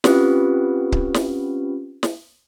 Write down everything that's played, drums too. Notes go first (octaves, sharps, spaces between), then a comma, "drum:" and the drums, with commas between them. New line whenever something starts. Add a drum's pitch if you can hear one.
C4 C#4 F4 G4 B4, drum: snare
drum: kick C#1
drum: snare
drum: snare